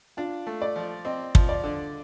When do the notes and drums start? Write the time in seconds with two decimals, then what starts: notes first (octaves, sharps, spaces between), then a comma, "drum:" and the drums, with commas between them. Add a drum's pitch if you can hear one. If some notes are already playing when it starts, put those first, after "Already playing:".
0.17 D4 F4
0.47 A3
0.62 D5
0.76 F3
1.05 C4 D#5
1.35 F3, drum: kick
1.49 D5
1.64 D3